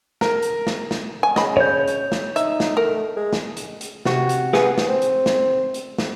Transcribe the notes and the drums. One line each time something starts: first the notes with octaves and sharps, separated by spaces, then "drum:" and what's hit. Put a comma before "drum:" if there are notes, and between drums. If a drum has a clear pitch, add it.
A#4, drum: snare
drum: hi-hat
drum: snare
drum: snare
G#5
C#3 D#5 B5, drum: snare
C#5 G6
drum: hi-hat
drum: snare
D#4 E5, drum: hi-hat
drum: snare
A3 A#4
G#3
drum: snare
drum: hi-hat
drum: hi-hat
C3 F#4, drum: snare
drum: hi-hat
G#4 B4 F#5, drum: snare
drum: snare
C4
drum: hi-hat
drum: snare
drum: hi-hat
drum: snare